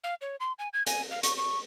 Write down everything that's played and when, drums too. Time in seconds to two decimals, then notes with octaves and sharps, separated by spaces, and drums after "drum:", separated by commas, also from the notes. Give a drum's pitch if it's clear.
0.04 F5
0.22 C#5
0.40 C6
0.59 G#5
0.74 G#6
0.87 G#5, drum: hi-hat
1.11 F5
1.23 C#6, drum: hi-hat
1.37 C#6